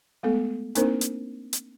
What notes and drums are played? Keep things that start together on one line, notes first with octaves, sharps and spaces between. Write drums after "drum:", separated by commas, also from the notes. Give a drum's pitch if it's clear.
G#3 A3 B3 A4
A#3 C4 D4 D#4 A#4 C5, drum: hi-hat
drum: hi-hat
drum: hi-hat